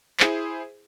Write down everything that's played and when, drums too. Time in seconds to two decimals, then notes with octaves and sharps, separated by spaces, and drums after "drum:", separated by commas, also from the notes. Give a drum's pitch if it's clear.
0.20 E4 G#4 C5, drum: clap